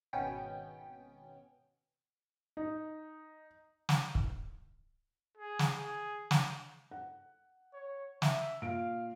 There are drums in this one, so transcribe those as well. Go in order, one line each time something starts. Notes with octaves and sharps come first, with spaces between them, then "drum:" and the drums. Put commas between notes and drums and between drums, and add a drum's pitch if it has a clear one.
G#1 B2 B3 C#4 G5
D#4
drum: snare
drum: kick
G#4
drum: snare
G#4
drum: snare
F#5
C#5
E5, drum: snare
A#2 F5 D7